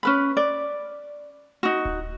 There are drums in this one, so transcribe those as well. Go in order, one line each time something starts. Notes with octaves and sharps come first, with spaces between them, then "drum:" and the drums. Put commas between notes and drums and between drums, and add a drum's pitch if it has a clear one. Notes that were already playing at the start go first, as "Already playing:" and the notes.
C#4 B4 B5
D5
D#4 F#4
drum: kick D1